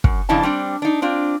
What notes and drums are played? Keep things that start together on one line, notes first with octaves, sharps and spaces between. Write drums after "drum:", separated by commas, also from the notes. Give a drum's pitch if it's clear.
F#2, drum: kick
F2 C#3 D4 E4 D#5 A5
G3 C4 D4
D4 D#4
C4 D4 F4